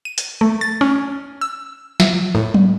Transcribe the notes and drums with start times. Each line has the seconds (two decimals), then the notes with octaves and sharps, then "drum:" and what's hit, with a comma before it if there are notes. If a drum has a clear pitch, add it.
0.05 D#7
0.18 drum: hi-hat
0.41 A3
0.61 A6
0.81 C#4
1.41 E6
2.00 E5, drum: snare
2.35 A2
2.54 drum: tom F#3